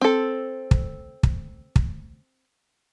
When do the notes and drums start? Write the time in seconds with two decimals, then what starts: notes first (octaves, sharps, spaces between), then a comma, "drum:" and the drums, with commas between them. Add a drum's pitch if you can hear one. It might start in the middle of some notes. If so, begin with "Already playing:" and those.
0.01 C4 A4
0.71 drum: kick
1.23 drum: kick
1.76 drum: kick